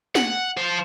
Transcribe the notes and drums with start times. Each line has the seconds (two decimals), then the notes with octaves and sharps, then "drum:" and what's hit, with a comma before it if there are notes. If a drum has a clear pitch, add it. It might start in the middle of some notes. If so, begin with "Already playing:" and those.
0.15 F#5, drum: snare
0.57 F3 C5